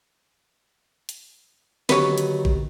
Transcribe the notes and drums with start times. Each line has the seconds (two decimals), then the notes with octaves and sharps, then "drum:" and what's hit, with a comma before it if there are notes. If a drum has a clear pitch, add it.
1.09 drum: hi-hat
1.89 D#2 D3 F#3 B4 C#5, drum: snare
2.18 drum: hi-hat
2.45 drum: kick